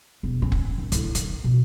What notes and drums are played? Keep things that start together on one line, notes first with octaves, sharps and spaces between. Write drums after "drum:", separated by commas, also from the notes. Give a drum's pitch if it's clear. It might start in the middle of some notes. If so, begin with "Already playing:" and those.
E1
C#4
drum: kick F1
D#3
D3 E4, drum: hi-hat
D#3, drum: hi-hat
B2